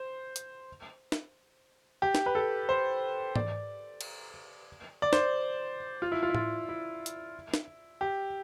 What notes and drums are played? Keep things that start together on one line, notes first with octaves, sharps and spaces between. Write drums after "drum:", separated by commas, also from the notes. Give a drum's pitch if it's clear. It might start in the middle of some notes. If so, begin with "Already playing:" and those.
Already playing: C5
drum: hi-hat
drum: snare
G4
drum: snare
B4
A4
C5
D5, drum: tom G#2
drum: cymbal
D5
C5, drum: snare
F4
E4
F4
E4
F4, drum: tom A2
E4
drum: hi-hat
drum: snare
G4